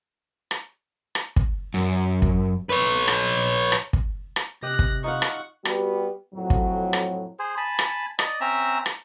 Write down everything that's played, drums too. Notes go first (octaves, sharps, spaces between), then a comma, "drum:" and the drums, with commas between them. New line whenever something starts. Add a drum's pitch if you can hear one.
drum: rim click
drum: rim click
drum: kick
F#2
drum: kick
B4 C#5
drum: rim click
drum: rim click
drum: kick
drum: rim click
C3 G4 D#5 F#6 A#6
drum: kick
D#4 F4 F5 F#5 C#6
drum: rim click
G3 B3 F#4 G4, drum: rim click
F2 A2 F#3
drum: kick
drum: rim click
G#4 C5
G#5 A5 B5
drum: rim click
D5 D#5, drum: rim click
C4 C#4 E5 A#5
drum: rim click